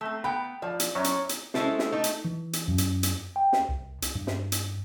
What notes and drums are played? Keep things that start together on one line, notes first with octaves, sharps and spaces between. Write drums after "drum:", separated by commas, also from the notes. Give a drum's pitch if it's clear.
A3 C4
B3 G5 B5
F3 D5
drum: hi-hat
F#2 C#5
drum: hi-hat
drum: hi-hat
G#3 C#4 E4 A4 C5, drum: snare
drum: snare
A3 D#4
drum: hi-hat
E3
drum: hi-hat
F#2
drum: hi-hat
drum: hi-hat
G5
drum: snare
C2
drum: hi-hat
G2
drum: snare
drum: hi-hat